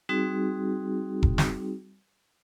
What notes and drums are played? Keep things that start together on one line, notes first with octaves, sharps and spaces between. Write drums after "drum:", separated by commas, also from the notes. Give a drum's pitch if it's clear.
G3 C4 D#4 F#4 G#4
drum: kick E1
drum: snare